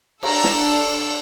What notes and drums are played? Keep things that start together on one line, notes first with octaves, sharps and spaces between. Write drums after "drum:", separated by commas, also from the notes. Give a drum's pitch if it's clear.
D4 A4 A#5, drum: cymbal
drum: snare